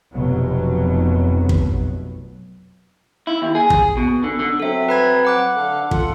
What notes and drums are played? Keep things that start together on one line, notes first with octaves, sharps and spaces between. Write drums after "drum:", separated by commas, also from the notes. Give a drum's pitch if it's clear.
F1 B2 F#3
drum: kick
E4
D#2
G#4
drum: kick
B2
D3
D3
F#3 C4 A4 E5
B4 B5 G#6
F#5 D6 F#6
D3 A4 F5
F4 A4 F#5, drum: kick